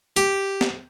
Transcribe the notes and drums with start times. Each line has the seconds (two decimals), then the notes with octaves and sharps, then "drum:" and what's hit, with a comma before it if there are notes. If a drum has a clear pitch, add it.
0.17 G4, drum: hi-hat
0.61 drum: snare